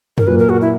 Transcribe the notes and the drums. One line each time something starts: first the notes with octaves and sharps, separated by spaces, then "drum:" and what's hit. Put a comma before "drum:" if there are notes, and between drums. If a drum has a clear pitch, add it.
A#4, drum: tom F#2
A#2 F#3 A#3 B4
A#4
F#4
E4